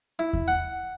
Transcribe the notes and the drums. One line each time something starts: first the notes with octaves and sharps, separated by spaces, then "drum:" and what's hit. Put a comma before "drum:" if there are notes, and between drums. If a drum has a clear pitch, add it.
E4
drum: kick E2
F#5